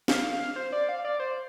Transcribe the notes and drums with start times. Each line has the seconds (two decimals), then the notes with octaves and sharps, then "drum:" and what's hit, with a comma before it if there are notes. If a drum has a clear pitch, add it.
0.08 F5, drum: snare
0.24 F5
0.40 F5
0.56 C5
0.72 D5
0.89 F5
1.05 D5
1.20 C5